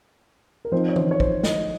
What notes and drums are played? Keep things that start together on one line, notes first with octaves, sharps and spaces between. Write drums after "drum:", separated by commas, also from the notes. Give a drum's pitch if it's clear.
A#4
F3 C4 D#4 C5
C#5
C5, drum: tom E3
C#5
C5, drum: kick
D#5, drum: snare